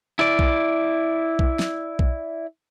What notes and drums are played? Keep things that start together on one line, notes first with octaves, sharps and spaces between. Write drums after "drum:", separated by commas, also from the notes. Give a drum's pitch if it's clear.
E4 D5
drum: kick B1
drum: kick B1
drum: snare
drum: kick B1